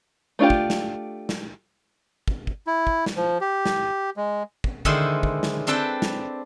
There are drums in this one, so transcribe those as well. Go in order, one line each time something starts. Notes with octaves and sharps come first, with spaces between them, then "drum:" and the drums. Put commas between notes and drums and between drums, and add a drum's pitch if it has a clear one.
A3 D4 F4 G4
drum: kick
drum: snare
drum: snare
drum: kick
drum: kick
E4
drum: kick
drum: snare
F3
G4
drum: snare
G#3
drum: kick
D3 D#3 G#3 E4 C5, drum: kick
drum: kick
drum: snare
C4 D4 A4 B4 G5
drum: snare